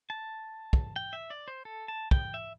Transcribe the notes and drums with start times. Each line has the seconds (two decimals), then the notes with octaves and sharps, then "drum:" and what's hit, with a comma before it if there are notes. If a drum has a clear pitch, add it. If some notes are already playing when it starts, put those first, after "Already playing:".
0.10 A5
0.73 drum: kick
0.96 G5
1.13 E5
1.30 D5
1.48 C5
1.65 A4
1.88 A5
2.11 G5, drum: kick
2.34 E5